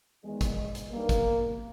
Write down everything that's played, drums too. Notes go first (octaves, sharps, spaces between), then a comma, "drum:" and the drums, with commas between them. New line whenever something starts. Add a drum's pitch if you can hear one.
E2 D#3 G#3
drum: kick, hi-hat
drum: hi-hat
G2 D#3 A#3
drum: kick, hi-hat